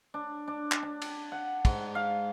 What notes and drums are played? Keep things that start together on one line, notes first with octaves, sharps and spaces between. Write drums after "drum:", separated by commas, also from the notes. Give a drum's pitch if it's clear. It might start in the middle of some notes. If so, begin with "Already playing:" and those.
D4
D4
drum: clap
D4
drum: cymbal
F#5
G#2, drum: kick, cymbal
F5